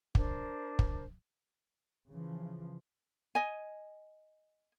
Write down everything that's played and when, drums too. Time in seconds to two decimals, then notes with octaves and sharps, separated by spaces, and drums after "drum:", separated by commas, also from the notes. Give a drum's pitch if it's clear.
0.15 D4 A#4 C5, drum: kick
0.79 drum: kick
2.09 C#3 E3 F3
3.35 D#5 G#5